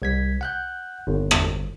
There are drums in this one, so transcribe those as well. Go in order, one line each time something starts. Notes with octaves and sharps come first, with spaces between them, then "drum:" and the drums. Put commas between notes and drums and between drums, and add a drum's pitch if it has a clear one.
C2 G#6 B6
F#5 F#6 G6
G1
drum: rim click